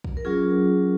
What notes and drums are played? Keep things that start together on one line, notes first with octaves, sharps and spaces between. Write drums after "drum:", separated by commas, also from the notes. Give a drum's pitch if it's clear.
drum: kick
A#4
F#3 C#4 F4 G#4